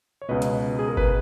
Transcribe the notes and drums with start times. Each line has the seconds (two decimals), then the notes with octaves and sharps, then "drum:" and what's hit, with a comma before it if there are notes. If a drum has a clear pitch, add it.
0.22 C#5
0.29 C#2 B2 B4 D#5
0.42 drum: hi-hat
0.79 G#4
0.88 A#4
0.97 B4, drum: kick G1